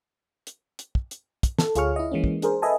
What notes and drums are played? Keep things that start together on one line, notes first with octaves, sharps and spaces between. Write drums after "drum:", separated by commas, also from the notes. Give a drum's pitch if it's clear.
drum: hi-hat
drum: hi-hat
drum: kick
drum: hi-hat
drum: kick, hi-hat
A4, drum: snare
D2 F4 G#4 C#5 C#6 F6, drum: hi-hat
E4 D#5
E3 G#3 A#3 C#4
drum: kick
D4 G#4 A#4 C5, drum: hi-hat
A4 B4 D#5 E5 G#5 A5